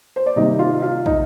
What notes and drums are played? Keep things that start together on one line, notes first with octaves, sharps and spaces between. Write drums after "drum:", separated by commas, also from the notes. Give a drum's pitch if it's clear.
C5
D5
C3 D#3 G3 A#3 D#4 D#5
F4 F5
F4 F5
D#4 D#5, drum: kick